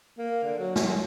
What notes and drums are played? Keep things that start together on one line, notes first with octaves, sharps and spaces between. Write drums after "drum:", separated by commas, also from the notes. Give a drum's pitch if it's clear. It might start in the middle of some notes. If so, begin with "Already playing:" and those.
A#3
D3
F#3
F#3, drum: snare